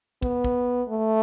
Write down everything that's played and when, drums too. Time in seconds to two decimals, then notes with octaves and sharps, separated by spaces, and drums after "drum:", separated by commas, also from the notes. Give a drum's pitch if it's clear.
0.22 B3, drum: kick
0.44 drum: kick
0.89 A3